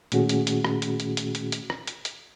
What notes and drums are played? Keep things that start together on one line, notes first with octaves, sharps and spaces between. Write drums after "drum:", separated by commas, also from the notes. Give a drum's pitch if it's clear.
A#2 D#3 A3 C#4 F#4 G#4, drum: hi-hat
drum: hi-hat
drum: hi-hat
drum: rim click
drum: hi-hat
drum: hi-hat
drum: hi-hat
drum: hi-hat
drum: hi-hat
drum: rim click
drum: hi-hat
drum: hi-hat